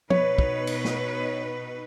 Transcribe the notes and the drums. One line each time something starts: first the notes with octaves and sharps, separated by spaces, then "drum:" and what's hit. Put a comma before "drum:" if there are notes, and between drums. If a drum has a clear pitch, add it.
B2 D#4 B4 C#5, drum: tom
drum: kick
drum: cymbal
drum: snare